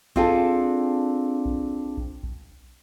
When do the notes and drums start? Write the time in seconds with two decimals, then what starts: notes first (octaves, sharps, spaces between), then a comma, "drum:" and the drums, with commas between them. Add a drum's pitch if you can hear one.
0.16 C4 D4 F4 G#4 A4, drum: kick A#1
1.45 drum: kick A#1
1.97 drum: kick A#1
2.23 drum: kick A#1